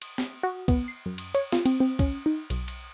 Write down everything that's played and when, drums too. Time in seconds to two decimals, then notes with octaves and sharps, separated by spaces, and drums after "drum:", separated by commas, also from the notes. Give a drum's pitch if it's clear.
0.02 drum: cymbal
0.18 drum: snare
0.43 F#4
0.68 B3, drum: kick, cymbal
0.88 C7
1.06 F#2
1.18 drum: cymbal
1.35 C#5, drum: cymbal
1.52 F4, drum: snare
1.65 C4, drum: cymbal
1.80 C4
1.99 C#4, drum: kick, cymbal
2.26 D#4
2.50 B1, drum: cymbal
2.68 drum: cymbal